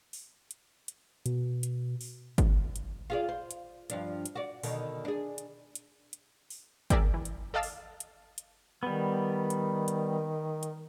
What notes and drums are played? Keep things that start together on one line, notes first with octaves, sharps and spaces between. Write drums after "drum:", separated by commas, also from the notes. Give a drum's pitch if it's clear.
drum: open hi-hat
drum: hi-hat
drum: hi-hat
B2, drum: hi-hat
drum: hi-hat
drum: open hi-hat
drum: kick, hi-hat
drum: hi-hat
F4 G#4 D5
C5
drum: hi-hat
G2 F3 D4, drum: hi-hat
drum: hi-hat
F#4 D5
B2 D3 D#3, drum: open hi-hat
D4 G#4
drum: hi-hat
drum: hi-hat
drum: hi-hat
drum: open hi-hat
G#4 A#4 D5 E5 G5, drum: kick, hi-hat
E3
drum: hi-hat
A4 D5 D#5 F5 A5 E6
drum: open hi-hat
drum: hi-hat
drum: hi-hat
D#3 G3 B3
drum: hi-hat
drum: hi-hat
drum: hi-hat